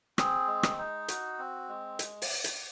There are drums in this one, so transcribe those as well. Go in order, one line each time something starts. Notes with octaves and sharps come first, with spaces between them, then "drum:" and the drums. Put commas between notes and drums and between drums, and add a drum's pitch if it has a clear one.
C4 G#4, drum: rim click
G#3
drum: rim click
D#4
F#4, drum: hi-hat
C4
G#3
drum: hi-hat
drum: open hi-hat
drum: hi-hat